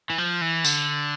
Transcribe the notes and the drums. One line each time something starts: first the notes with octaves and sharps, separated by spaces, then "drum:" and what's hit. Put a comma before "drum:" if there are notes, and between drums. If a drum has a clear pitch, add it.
E3
F3
E3
D3, drum: tambourine